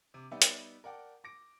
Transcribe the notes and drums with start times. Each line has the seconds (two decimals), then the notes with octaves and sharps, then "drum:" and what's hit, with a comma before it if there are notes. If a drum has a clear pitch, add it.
0.14 C3 D6
0.31 G3 B3 D#4 G4 D5 E5
0.42 drum: hi-hat
0.84 A#4 D5 F#5 G5 A5 D6
1.24 D6 A#6 D7